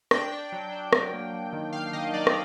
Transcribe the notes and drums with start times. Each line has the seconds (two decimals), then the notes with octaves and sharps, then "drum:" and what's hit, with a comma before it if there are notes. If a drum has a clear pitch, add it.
0.11 D4 G5, drum: rim click
0.32 D4
0.52 F#3
0.72 D4
0.93 F#3, drum: rim click
1.13 A#3
1.33 F#3
1.53 D#3
1.73 D#3 F5
1.93 D#3 D#5
2.13 F#3 D5
2.27 drum: rim click